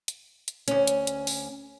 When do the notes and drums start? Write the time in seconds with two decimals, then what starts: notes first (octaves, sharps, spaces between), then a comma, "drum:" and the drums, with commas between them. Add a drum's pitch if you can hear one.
0.08 drum: hi-hat
0.48 drum: hi-hat
0.68 D2 C#4, drum: hi-hat
0.87 drum: hi-hat
1.07 drum: hi-hat
1.27 drum: open hi-hat